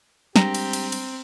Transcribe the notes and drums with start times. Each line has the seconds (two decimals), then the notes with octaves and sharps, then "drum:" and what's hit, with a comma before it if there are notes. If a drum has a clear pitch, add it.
0.36 G3 G#3 C4 D4 G4 A#5, drum: snare
0.54 drum: cymbal
0.73 drum: cymbal
0.92 drum: cymbal